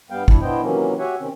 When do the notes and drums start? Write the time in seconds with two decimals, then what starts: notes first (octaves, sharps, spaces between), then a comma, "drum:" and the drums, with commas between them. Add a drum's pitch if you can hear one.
0.10 G2 G3 B3 F5 G5
0.28 D4 E4, drum: kick G#1
0.41 B3 D4 E4 C5 D#5 G5
0.61 C3 D#3 E3 F#3 A#3 C#4
0.99 F#4 G4 C#5 E5 F#5 G#5
1.20 C3 D#3 C4 C#4